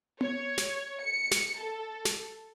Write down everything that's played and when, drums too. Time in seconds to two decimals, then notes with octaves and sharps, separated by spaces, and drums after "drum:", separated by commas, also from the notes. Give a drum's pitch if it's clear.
0.21 C#5, drum: tom B3
0.58 drum: snare
1.02 C#7
1.31 drum: snare
1.59 A4
2.05 drum: snare